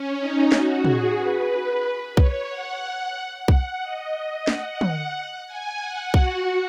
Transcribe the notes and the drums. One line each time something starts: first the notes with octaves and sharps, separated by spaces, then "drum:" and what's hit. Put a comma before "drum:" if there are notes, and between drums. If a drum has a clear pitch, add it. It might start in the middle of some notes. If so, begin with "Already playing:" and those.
Already playing: C#4
D#4
F#4, drum: snare
G#4, drum: tom
B4
C#5, drum: kick B1
F#5
F#5, drum: kick B1
D#5
D#5
F#5, drum: snare
drum: tom
G#5
F#5
F#4, drum: kick B1